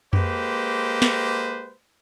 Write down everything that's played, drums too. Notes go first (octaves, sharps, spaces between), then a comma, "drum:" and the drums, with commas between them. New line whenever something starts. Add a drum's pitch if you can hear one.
G#3 A#3 G4 B4 C5, drum: tom F2
drum: snare